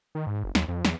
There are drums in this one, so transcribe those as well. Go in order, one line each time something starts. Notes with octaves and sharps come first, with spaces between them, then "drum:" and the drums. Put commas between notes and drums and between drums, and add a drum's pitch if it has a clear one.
D#3
G#2
F#1
D#2, drum: snare
F2
E2, drum: snare